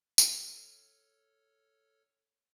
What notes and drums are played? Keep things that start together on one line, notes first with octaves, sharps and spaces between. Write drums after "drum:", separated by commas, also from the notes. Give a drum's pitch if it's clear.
A4 C#5 F6, drum: tambourine